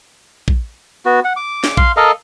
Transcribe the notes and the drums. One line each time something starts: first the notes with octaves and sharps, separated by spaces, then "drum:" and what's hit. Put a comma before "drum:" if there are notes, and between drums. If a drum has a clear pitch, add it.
drum: kick
B3 F#4
F#5
D6
drum: snare
F5 C6, drum: kick
A4 A#4 D#5 F5